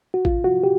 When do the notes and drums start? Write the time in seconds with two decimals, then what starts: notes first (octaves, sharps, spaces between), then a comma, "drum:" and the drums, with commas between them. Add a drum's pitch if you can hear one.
0.14 F#4
0.25 F4, drum: kick A1
0.44 F#4
0.64 G4